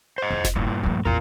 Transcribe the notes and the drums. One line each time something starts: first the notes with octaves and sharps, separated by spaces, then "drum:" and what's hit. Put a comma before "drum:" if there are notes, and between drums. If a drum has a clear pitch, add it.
C5 D#5
F2
drum: snare F1
G2 A#2 E4
F3 A3
A1 E2 F4 A#4